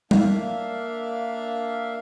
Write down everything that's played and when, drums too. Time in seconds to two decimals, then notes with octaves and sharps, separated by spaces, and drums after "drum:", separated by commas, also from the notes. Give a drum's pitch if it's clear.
0.11 A#3 D4 E5 F5, drum: tom G3